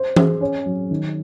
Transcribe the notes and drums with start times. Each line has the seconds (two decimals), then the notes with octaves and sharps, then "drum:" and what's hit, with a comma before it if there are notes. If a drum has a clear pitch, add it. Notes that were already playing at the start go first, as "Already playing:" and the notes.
Already playing: C5
0.16 G#4, drum: tom E3
0.41 C#4
0.66 F#3
0.91 D#3